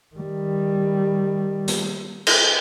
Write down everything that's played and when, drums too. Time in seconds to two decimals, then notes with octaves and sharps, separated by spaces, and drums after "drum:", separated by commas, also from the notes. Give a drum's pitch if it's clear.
0.16 D#3 G3
1.68 drum: hi-hat
2.27 drum: cymbal